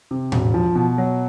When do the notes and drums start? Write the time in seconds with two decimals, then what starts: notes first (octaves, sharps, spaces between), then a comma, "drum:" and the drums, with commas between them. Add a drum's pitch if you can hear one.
0.11 C3
0.32 E1, drum: tom A2
0.54 F3
0.75 B2
0.98 F#3